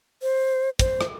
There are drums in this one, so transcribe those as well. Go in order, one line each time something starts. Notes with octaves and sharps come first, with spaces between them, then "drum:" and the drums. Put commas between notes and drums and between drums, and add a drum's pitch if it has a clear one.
C5
C5, drum: kick, hi-hat
drum: rim click